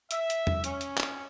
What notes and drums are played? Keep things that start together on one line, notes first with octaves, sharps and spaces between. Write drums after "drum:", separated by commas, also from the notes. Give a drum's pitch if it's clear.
E5, drum: hi-hat
drum: hi-hat
drum: tom E2
C#4, drum: hi-hat
drum: hi-hat
drum: clap